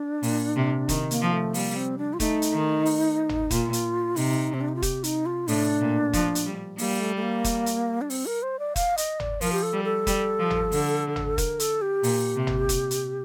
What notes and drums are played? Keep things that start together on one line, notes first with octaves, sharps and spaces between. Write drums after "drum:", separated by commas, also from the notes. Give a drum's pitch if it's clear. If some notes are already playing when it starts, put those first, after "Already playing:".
Already playing: D4
A#2, drum: open hi-hat
C3
D#3, drum: kick, hi-hat
A#3, drum: hi-hat
F3
A3
G3 A#3, drum: open hi-hat
C4
D4
F4
A3 D#4, drum: kick, hi-hat
drum: hi-hat
D#3
drum: open hi-hat
drum: tom
A#2 F4, drum: kick, hi-hat
drum: hi-hat
C3 D#4, drum: open hi-hat
C4
D4
D#4
F4
G4, drum: kick, hi-hat
D#4, drum: hi-hat
F4
A2 D4, drum: open hi-hat
A#2
F3, drum: kick, hi-hat
drum: hi-hat
G3
G3 A#3, drum: open hi-hat
A3
A3
A#3
drum: kick, hi-hat
drum: hi-hat
D4
C4, drum: open hi-hat
A#4
C5
D5
F5, drum: kick, hi-hat
D#5, drum: hi-hat
D5, drum: tom
F3 A#4, drum: open hi-hat
G4
A4
G3
A4
G3, drum: kick, hi-hat
F3
drum: tom
D3, drum: open hi-hat
drum: tom
A#4, drum: kick, hi-hat
A4, drum: hi-hat
G4
A#2, drum: open hi-hat
C3
drum: tom
drum: kick, hi-hat
drum: hi-hat